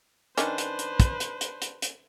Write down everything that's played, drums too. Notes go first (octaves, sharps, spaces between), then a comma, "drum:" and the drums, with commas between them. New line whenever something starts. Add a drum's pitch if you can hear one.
D#3 C#4 D4 B4 C5, drum: hi-hat
drum: hi-hat
drum: hi-hat
drum: kick, hi-hat
drum: hi-hat
drum: hi-hat
drum: hi-hat
drum: hi-hat